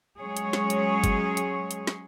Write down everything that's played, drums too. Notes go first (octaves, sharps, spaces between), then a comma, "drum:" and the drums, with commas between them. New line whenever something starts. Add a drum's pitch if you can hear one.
F#3 G#3 C#4 G#4 C#5
drum: hi-hat
drum: snare
drum: hi-hat
drum: kick, hi-hat
drum: hi-hat
drum: hi-hat
drum: snare